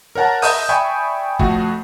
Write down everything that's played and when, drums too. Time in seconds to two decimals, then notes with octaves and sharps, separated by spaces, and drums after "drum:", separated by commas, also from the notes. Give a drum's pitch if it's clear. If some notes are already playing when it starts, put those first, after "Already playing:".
0.15 A#4 C#5 F#5 A5 A#5
0.42 D#5 E5 D#6 G6 D#7, drum: open hi-hat
0.69 D5 E5 G5 G#5 B5 C#6
1.39 F2 A3 F#4, drum: kick G1